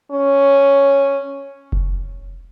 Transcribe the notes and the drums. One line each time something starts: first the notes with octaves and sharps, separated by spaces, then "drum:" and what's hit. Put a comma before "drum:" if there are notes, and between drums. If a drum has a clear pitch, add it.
C#4
drum: kick F1